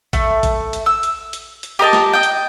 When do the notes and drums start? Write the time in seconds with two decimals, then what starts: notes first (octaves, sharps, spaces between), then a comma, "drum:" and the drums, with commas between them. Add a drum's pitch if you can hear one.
0.13 A3, drum: kick A1, hi-hat
0.43 drum: kick A1, hi-hat
0.73 drum: hi-hat
0.86 E6
1.03 drum: hi-hat
1.33 drum: hi-hat
1.63 drum: hi-hat
1.79 G4 A#4 D#5 A5
1.93 drum: snare
2.13 D#5 G5
2.23 drum: hi-hat